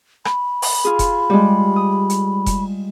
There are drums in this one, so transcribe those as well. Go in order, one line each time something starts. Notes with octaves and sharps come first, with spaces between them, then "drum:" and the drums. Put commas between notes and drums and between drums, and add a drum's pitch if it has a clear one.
B5, drum: rim click
drum: open hi-hat
F4 G#4
drum: kick F1, hi-hat
G3 G#3
D#6
drum: hi-hat
drum: kick F1, hi-hat